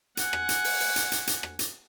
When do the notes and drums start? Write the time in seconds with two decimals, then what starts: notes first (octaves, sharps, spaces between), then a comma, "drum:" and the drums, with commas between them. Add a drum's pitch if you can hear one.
0.17 F#5 G#5, drum: hi-hat
0.33 drum: rim click
0.49 drum: hi-hat
0.64 drum: open hi-hat
0.80 drum: open hi-hat
0.96 drum: hi-hat
1.12 drum: hi-hat
1.27 drum: hi-hat
1.43 drum: rim click
1.59 drum: hi-hat